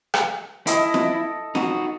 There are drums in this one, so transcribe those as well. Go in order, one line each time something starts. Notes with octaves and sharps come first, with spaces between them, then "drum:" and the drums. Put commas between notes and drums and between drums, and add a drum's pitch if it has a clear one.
drum: rim click
E4 A4 D#5, drum: hi-hat
drum: snare
D#4 F#4, drum: snare